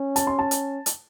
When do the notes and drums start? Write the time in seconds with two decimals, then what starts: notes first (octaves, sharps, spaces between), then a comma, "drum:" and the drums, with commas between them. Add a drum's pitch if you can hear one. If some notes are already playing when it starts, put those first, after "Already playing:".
Already playing: C#4
0.16 A5, drum: hi-hat
0.27 C6
0.39 A5
0.51 drum: hi-hat
0.86 drum: hi-hat